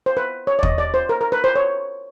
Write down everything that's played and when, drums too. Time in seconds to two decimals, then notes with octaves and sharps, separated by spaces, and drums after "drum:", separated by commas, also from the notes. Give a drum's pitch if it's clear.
0.06 C5
0.17 B4
0.47 C#5
0.59 D5
0.63 D#5, drum: kick
0.78 D5
0.94 C5
1.09 A#4
1.21 A#4
1.32 B4
1.44 C5
1.56 C#5